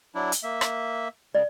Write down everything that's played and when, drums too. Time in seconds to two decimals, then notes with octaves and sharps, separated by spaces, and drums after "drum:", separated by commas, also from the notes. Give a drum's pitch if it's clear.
0.15 F#3 D4 E4
0.32 drum: hi-hat
0.43 A#3 E5
0.61 drum: rim click
1.35 C#3 D5